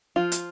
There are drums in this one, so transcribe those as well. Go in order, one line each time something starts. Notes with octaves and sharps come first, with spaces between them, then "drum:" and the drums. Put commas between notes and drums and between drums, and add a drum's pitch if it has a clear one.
F3 F4
drum: hi-hat